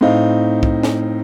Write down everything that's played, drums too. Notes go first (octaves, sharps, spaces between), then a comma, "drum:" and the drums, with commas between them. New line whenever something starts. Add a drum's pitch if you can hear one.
A2 C4 D#4 F5
drum: kick C2
drum: snare